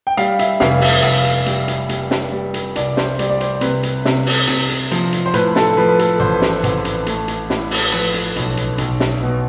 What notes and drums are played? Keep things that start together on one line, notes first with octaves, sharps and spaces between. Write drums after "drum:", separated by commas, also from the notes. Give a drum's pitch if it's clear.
G5
G3 F5, drum: hi-hat
E5, drum: hi-hat
F1 F5, drum: snare
E5, drum: open hi-hat
F1 F5, drum: hi-hat
drum: hi-hat
G3, drum: hi-hat
drum: hi-hat
G3, drum: hi-hat
drum: snare
G3
drum: hi-hat
C2 D5, drum: hi-hat
C5, drum: snare
G3 D5, drum: hi-hat
D5
C5, drum: hi-hat
C3 B4, drum: hi-hat
drum: hi-hat
C3, drum: snare
drum: open hi-hat
C3, drum: hi-hat
drum: hi-hat
F3, drum: hi-hat
drum: hi-hat
C5
A2 B4, drum: hi-hat
A4, drum: snare
F3 B4
B4
A4, drum: hi-hat
A1 C5
drum: snare
A1, drum: hi-hat
drum: hi-hat
A3, drum: hi-hat
drum: hi-hat
A2, drum: snare
drum: open hi-hat
F3 B4
drum: hi-hat
B1, drum: hi-hat
drum: hi-hat
B1, drum: hi-hat
drum: snare
B2